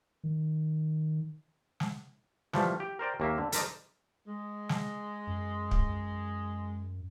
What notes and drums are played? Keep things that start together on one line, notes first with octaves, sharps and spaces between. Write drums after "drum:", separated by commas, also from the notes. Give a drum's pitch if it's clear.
D#3
drum: snare
E3 F3 G3 A3, drum: snare
G4
A#4 C5 D5 G5
D#2 A#3 E5
D3
A4 A#4 C5 D5 D#5, drum: hi-hat
G#3
drum: snare
F#2
drum: kick